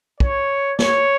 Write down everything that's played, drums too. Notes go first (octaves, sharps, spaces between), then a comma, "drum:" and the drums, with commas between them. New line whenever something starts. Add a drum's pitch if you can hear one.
C#5, drum: kick
C#5, drum: snare